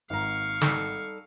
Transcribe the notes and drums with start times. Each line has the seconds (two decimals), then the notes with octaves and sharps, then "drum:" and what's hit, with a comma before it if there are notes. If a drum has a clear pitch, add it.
0.10 G#1 F5 A#5 C#6
0.61 G3 D#4 A4, drum: snare